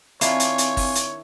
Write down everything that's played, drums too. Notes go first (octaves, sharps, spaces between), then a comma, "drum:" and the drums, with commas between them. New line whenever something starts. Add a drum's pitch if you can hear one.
D#3 C4 D4 E4 F4 C#5 G#5, drum: hi-hat
drum: hi-hat
drum: hi-hat
drum: kick, open hi-hat
drum: hi-hat